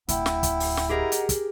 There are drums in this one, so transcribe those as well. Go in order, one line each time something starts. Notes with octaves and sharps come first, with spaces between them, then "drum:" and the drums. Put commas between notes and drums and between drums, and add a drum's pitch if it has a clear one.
D1 E4 F#5 G5, drum: hi-hat
drum: snare
drum: kick, hi-hat
drum: open hi-hat
drum: snare
G4 G#4 A#4 D#5 F#5 A#5
drum: hi-hat
drum: kick, hi-hat